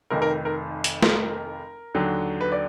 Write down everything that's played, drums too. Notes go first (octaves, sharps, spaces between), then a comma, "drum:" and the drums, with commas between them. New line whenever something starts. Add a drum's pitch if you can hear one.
F1 F2 D#3 A#4
A#4
A#4
drum: hi-hat
A#4, drum: snare
D#2 D3 F#3
B4
D5